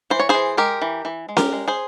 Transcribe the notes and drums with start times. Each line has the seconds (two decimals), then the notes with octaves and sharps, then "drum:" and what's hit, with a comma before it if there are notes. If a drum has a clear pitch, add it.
0.10 E3 C5
0.19 C#5
0.29 E3 G#4 C5
0.57 G#3 G4 A#4
0.82 E3
1.05 E3
1.29 G#3
1.37 G4 A#4, drum: snare C#4
1.52 G#3
1.68 G#4 C5